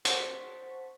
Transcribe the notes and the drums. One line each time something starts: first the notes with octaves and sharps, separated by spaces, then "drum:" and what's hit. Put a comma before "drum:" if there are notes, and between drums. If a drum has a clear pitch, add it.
C5 F#5 A5 C#6 B6, drum: hi-hat